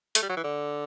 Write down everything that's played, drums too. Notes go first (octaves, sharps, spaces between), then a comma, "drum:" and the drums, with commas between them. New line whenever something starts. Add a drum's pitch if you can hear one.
A3, drum: hi-hat
G3
F#3
E3
D3